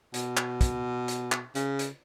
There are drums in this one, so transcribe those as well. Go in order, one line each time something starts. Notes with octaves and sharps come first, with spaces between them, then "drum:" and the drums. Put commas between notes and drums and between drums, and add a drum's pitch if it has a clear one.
B2, drum: hi-hat
drum: clap
drum: kick, hi-hat
drum: hi-hat
drum: clap
C#3, drum: hi-hat
drum: hi-hat